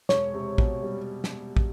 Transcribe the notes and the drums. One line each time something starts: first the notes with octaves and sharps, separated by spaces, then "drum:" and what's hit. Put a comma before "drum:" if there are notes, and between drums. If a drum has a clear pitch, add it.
E1 C#5, drum: snare
C3
B2, drum: kick
G3
drum: snare
drum: kick